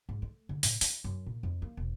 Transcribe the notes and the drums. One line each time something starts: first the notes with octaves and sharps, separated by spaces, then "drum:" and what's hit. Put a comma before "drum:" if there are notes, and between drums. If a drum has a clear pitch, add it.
G#2
A3
D3
A2, drum: open hi-hat
E4, drum: open hi-hat
F#2
A#2
F2
A#3
E1